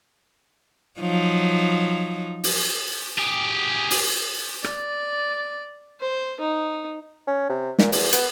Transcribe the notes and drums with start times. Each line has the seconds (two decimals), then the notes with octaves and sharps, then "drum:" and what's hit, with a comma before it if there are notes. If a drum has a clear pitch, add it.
1.00 F3 F#3 D#4
2.44 drum: open hi-hat
3.19 G4 G#4
3.90 drum: open hi-hat
4.64 D5, drum: rim click
6.00 C5
6.40 D#4
7.27 C#4
7.49 C3
7.79 A#2, drum: snare
7.92 E2, drum: open hi-hat
8.12 B3, drum: hi-hat